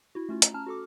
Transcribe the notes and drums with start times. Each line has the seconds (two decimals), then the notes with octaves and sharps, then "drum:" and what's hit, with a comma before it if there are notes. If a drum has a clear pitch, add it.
0.15 E4 F#4
0.29 A3 C#4 F4
0.42 A#5, drum: hi-hat
0.54 C#4 A5 A#5 F6
0.66 F#4 A4 D6